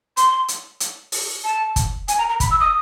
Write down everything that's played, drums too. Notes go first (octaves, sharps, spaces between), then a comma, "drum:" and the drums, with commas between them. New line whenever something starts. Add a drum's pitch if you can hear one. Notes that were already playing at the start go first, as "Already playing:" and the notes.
C6, drum: hi-hat
drum: hi-hat
drum: hi-hat
drum: open hi-hat
A5
drum: kick, hi-hat
G#5, drum: hi-hat
A#5
A#5
B5, drum: kick, hi-hat
E6
D#6